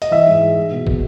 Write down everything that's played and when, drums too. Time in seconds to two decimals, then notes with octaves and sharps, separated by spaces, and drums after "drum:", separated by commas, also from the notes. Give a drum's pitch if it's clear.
0.02 D#5, drum: hi-hat
0.11 E3 E5
0.26 G#2
0.42 G#3
0.57 G#3
0.72 B2
0.87 B2, drum: kick